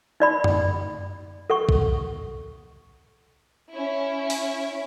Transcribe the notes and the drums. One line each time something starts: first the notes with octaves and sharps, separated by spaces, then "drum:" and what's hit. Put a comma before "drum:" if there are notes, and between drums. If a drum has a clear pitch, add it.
D#4 D5 B5
drum: tom F#2
A4 F#5 C#6
drum: kick
C#4 E4
drum: open hi-hat